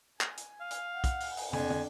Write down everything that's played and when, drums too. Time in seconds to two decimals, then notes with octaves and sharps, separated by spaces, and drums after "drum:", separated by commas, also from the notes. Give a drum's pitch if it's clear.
0.21 G#5, drum: clap
0.37 drum: hi-hat
0.61 F5
0.71 drum: hi-hat
0.93 F#5
1.04 drum: kick, hi-hat
1.20 drum: open hi-hat
1.37 drum: open hi-hat
1.53 F2 D4 G#5, drum: tom
1.70 drum: tom